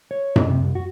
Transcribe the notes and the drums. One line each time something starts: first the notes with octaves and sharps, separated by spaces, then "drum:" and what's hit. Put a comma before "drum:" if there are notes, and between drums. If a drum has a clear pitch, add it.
C#5
drum: tom F#2
C3
C2
F#4